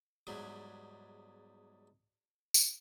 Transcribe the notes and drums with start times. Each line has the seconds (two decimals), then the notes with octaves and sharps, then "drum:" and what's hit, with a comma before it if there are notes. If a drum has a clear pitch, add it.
0.27 E2 G#2 F#3 G3
2.54 drum: tambourine